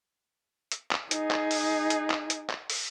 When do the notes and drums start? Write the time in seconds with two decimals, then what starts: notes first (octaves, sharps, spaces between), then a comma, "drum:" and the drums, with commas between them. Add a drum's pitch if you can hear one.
0.72 drum: hi-hat
0.91 drum: clap
1.11 D#4 G#4, drum: hi-hat
1.31 drum: clap
1.51 drum: open hi-hat
1.90 drum: hi-hat
2.10 drum: clap
2.30 drum: hi-hat
2.50 drum: clap
2.70 drum: open hi-hat